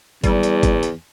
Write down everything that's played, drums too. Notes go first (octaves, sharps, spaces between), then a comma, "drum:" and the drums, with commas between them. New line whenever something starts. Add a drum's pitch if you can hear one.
E2 G3, drum: kick, hi-hat
drum: hi-hat
drum: kick, hi-hat
drum: hi-hat